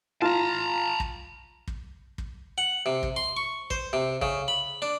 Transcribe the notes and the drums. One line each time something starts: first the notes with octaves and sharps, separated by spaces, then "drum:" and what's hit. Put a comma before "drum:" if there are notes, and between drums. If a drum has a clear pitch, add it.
F4 A5 A#5
drum: kick
drum: kick
drum: kick
F#5
C3
drum: kick
C6
C#6
C5, drum: kick
C3
C#3, drum: kick
B5
D4